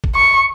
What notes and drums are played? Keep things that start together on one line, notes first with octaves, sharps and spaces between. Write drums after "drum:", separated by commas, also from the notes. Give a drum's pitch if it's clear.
drum: kick
C#6